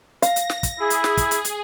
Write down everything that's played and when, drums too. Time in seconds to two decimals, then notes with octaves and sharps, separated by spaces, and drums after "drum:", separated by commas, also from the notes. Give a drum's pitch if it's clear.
0.22 F5 A#6, drum: hi-hat
0.36 drum: hi-hat
0.50 drum: snare
0.63 drum: kick, hi-hat
0.80 E4 G#4
0.90 drum: hi-hat
1.04 drum: snare
1.17 drum: kick, hi-hat
1.31 drum: hi-hat
1.45 drum: hi-hat